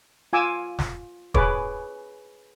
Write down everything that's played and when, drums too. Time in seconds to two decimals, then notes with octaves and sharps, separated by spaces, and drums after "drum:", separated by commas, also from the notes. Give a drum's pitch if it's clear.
0.33 F4 G#5 D6 E6
0.79 drum: snare
1.34 G#4 B4 C#5 D6, drum: kick